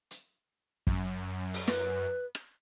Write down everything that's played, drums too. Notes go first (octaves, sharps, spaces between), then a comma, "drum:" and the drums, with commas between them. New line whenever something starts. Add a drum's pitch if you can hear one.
drum: hi-hat
F#2, drum: kick
drum: open hi-hat
B4, drum: snare
drum: rim click